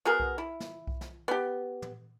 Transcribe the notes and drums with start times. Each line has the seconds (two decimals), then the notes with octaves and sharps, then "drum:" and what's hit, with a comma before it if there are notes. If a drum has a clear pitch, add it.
0.05 B3 F#4 G#4 A#4
0.20 drum: kick B1
0.38 E4
0.60 drum: snare
0.87 drum: kick B1
1.01 drum: snare
1.28 B3 G4
1.82 drum: tom